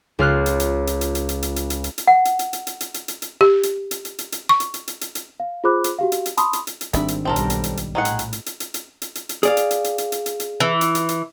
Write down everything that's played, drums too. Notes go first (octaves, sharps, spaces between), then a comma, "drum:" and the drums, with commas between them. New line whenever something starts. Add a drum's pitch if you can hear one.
C#2 F4 F6 F#6
drum: hi-hat
drum: hi-hat
drum: hi-hat
drum: hi-hat
drum: hi-hat
drum: hi-hat
drum: hi-hat
drum: hi-hat
drum: hi-hat
drum: hi-hat
drum: hi-hat
F#5
drum: hi-hat
drum: hi-hat
drum: hi-hat
drum: hi-hat
drum: hi-hat
drum: hi-hat
drum: hi-hat
drum: hi-hat
G4
drum: hi-hat
drum: hi-hat
drum: hi-hat
drum: hi-hat
drum: hi-hat
C#6
drum: hi-hat
drum: hi-hat
drum: hi-hat
drum: hi-hat
drum: hi-hat
F5
F4 G#4 C5 B5 D6 F#6
drum: hi-hat
F#4 G4 F5
drum: hi-hat
drum: hi-hat
A5 B5 C6 D#6, drum: hi-hat
drum: hi-hat
drum: hi-hat
drum: hi-hat
G#1 G#2 G3 C4 D4 E5 B5, drum: hi-hat
drum: hi-hat
B1 G3 C4 A4 A#4
drum: hi-hat
drum: hi-hat
drum: hi-hat
drum: hi-hat
A#1 A2 D#3 G#4 F#5
drum: hi-hat
drum: hi-hat
drum: hi-hat
drum: hi-hat
drum: hi-hat
drum: hi-hat
drum: hi-hat
drum: hi-hat
drum: hi-hat
G#4 D5 F5, drum: hi-hat
drum: hi-hat
drum: hi-hat
drum: hi-hat
drum: hi-hat
drum: hi-hat
drum: hi-hat
drum: hi-hat
E3
drum: hi-hat
drum: hi-hat
drum: hi-hat